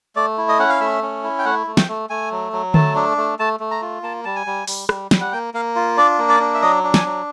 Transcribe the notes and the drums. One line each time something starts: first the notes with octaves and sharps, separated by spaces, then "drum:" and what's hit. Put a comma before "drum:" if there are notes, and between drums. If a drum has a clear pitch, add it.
A3 D5
E4
D#5
C#4 F#5
F5
A3 E5
C#4
E4
G5
A3 F#5
A3
G5, drum: snare
A3
A3 G#5
F#3
F#3
A3 A5, drum: tom D3
D4
A3
A3 A5
A3
A#5
F4
A#3 A5
G3 A5
G#5
G3
G3, drum: open hi-hat
G3, drum: rim click
G3, drum: snare
F#5
A#3 G5
A#3 F5
F4
D4 D5
A#3
D5
D4
E5
F#3 D#5
D4
G#5, drum: snare
F#3